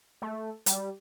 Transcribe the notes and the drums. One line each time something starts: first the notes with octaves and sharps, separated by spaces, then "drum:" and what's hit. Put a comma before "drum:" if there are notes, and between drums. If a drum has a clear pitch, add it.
A3
G3, drum: hi-hat